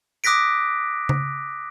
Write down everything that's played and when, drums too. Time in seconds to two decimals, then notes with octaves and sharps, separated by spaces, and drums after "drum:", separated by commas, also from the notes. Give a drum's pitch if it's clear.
0.24 D6 D#6 F#6 A#6 B6 D7
1.09 drum: tom C#3